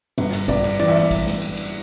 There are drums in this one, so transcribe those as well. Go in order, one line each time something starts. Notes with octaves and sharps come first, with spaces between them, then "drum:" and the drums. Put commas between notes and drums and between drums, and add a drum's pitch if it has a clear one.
G1, drum: cymbal
drum: cymbal
G1 D5, drum: kick G#1, cymbal
drum: cymbal
E3 D5, drum: cymbal
E5
D5, drum: snare
drum: kick G#1, cymbal
drum: snare
drum: cymbal
drum: cymbal